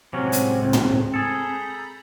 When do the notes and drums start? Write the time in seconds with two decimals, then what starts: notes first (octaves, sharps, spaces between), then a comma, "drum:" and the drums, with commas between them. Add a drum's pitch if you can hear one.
0.13 A2 C3 F#3 G#3 C4 C#4
0.32 drum: hi-hat
0.62 C#2
0.73 drum: tom
1.14 G#4 A4 A#5 B5 G6